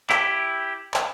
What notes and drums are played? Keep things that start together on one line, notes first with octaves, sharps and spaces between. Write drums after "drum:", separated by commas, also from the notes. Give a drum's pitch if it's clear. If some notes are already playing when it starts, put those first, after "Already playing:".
E4 G4, drum: clap
drum: clap